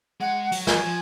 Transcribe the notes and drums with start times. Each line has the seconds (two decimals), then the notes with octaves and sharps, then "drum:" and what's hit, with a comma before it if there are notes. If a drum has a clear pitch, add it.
0.21 G#3 F#5
0.52 F#3, drum: open hi-hat
0.67 G#5, drum: snare
0.83 F3